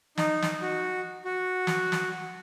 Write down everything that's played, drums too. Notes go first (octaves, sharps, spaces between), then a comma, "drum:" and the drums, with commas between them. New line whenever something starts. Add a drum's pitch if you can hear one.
D#4, drum: snare
drum: snare
F#4
F#4
drum: snare
drum: snare